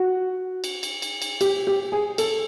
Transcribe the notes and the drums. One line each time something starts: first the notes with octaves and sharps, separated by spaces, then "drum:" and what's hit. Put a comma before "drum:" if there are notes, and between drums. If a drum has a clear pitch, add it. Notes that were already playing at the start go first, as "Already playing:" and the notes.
Already playing: F#4
drum: cymbal
drum: cymbal
drum: cymbal
drum: cymbal
G4, drum: cymbal
G4
G#4
A4, drum: cymbal